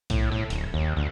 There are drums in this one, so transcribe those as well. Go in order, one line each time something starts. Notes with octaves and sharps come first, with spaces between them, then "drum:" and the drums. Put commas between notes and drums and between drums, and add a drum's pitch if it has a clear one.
A2, drum: kick B1, hi-hat
A2
D1, drum: hi-hat
D#2
D2